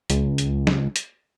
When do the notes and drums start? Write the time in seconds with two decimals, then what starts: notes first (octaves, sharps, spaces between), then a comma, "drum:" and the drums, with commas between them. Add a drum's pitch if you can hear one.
0.10 C#2, drum: hi-hat
0.38 drum: hi-hat
0.67 drum: snare
0.96 drum: hi-hat